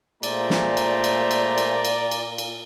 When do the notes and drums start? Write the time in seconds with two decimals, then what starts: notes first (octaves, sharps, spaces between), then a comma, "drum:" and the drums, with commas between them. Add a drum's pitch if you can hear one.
0.23 A#2 G#3 A3 C5 D5 A#5, drum: cymbal
0.50 drum: snare
0.77 drum: cymbal
1.04 drum: cymbal
1.31 drum: cymbal
1.58 drum: cymbal
1.85 drum: cymbal
2.11 drum: cymbal
2.38 drum: cymbal